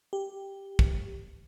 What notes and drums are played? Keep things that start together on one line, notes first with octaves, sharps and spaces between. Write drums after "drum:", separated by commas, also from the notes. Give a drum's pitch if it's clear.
G4
drum: kick